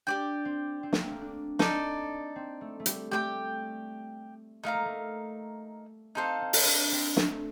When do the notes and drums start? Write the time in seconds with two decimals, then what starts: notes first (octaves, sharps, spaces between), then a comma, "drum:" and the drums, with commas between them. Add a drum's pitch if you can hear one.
0.07 D4 G4 D5 G5
0.45 C4
0.83 C4
0.93 A#3, drum: snare
1.01 A3
1.11 A#3
1.21 D4
1.59 D#4 A4 D5, drum: snare
2.36 C4
2.61 A3
2.80 A3
2.86 G3, drum: hi-hat
3.11 A3 G4 D5 G5 D6
4.64 A3 D#4 A#4 F5 A#5
4.74 A#3
4.85 A3
6.15 C4 D#4 A4 C5 F5
6.42 C4
6.53 drum: open hi-hat
6.66 D4
6.92 C4
7.17 A3, drum: snare